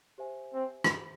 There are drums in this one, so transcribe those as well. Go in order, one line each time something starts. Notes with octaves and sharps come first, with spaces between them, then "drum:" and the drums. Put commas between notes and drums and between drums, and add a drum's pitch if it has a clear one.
G4 C5 E5 G#5
C4
drum: rim click